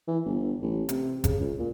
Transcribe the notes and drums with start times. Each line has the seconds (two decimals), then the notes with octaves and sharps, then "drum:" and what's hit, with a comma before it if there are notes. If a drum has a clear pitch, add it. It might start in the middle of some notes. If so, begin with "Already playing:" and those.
0.08 E3
0.26 G1
0.62 A1
0.89 C3, drum: hi-hat
1.24 C#3, drum: kick G1, hi-hat
1.40 C#2
1.59 A#2